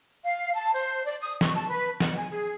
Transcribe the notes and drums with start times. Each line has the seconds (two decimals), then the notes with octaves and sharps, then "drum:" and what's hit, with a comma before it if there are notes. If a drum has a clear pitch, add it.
0.24 F5
0.54 A5
0.73 C5
1.05 D5
1.21 D#6
1.41 C#6, drum: snare
1.56 A5
1.69 B4
2.00 F#5, drum: snare
2.16 G#5
2.29 G#4